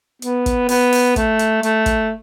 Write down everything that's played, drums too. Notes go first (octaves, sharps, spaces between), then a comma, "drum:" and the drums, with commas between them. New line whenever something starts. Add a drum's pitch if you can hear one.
B3, drum: hi-hat
drum: kick, hi-hat
B3, drum: open hi-hat
drum: open hi-hat
A3, drum: kick, hi-hat
drum: hi-hat
A3, drum: hi-hat
drum: kick, hi-hat